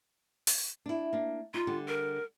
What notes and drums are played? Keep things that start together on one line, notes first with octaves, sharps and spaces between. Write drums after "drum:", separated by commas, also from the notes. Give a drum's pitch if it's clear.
drum: open hi-hat
D4 E4
A#3 D4
D#4 F4
D3 G3
A#4